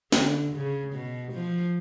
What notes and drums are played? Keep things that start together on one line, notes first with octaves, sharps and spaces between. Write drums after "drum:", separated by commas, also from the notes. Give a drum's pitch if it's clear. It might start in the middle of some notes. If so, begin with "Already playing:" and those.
D3, drum: snare
C#3
B2
F3